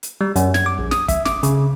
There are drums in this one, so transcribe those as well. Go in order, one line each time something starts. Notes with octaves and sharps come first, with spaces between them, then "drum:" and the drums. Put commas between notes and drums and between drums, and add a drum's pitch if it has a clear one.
drum: hi-hat
G3
F#2, drum: hi-hat
G#6, drum: snare
D6
A#1
D#6, drum: snare
E5, drum: kick, hi-hat
D6, drum: snare
C#3, drum: hi-hat